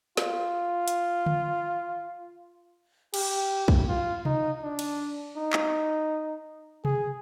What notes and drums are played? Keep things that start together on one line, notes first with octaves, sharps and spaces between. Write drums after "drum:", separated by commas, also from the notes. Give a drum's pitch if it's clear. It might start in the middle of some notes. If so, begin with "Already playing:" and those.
F4, drum: snare
drum: hi-hat
drum: tom D3
G4, drum: cymbal
drum: kick B1
F4
D#4, drum: tom C3
D4
drum: cymbal
D#4
drum: clap
G#4, drum: tom C3